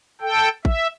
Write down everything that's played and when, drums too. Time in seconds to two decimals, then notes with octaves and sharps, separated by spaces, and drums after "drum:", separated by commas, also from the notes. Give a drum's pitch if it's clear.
0.21 A4 G5
0.65 E5, drum: kick A1